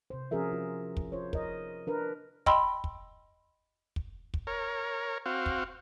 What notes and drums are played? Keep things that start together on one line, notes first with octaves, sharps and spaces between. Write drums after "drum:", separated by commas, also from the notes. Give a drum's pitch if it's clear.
C3 C5
F3 C#4 F#4 G#4 A#4 E5
F4
drum: kick
F4 C5 C#5
A#4 D#5, drum: kick
D4 A#4 B4
D#5 G5 B5 C6 E6, drum: kick
drum: kick
drum: kick
drum: kick
A#4 C#5
C4 F#4 F5
drum: kick